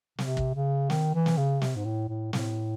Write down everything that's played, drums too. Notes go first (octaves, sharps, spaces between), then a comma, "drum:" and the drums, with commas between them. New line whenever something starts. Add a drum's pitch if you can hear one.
C3, drum: snare
drum: kick
C#3
D#3, drum: snare
E3
drum: snare
C#3
C3, drum: snare
G#2
A2
A2
A2, drum: snare